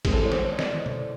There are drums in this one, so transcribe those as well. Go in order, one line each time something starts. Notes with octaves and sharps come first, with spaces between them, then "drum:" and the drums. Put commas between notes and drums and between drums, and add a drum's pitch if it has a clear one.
A2 E3 G#3 C4 G#4, drum: kick A1, cymbal
A4
G#4
C#5
C5, drum: snare
C#5
D5
D#5, drum: snare
D#5
D5, drum: tom B2